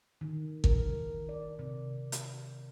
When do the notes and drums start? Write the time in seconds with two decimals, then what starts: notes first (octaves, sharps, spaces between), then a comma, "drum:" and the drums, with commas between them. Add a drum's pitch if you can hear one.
0.21 D#3
0.64 A#4, drum: kick
1.29 D5
1.59 C3
2.12 drum: hi-hat